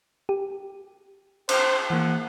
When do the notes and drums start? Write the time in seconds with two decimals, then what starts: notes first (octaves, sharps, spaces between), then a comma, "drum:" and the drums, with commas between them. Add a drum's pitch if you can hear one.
0.29 G4
1.49 C5, drum: cymbal
1.90 E3 A#3 F#5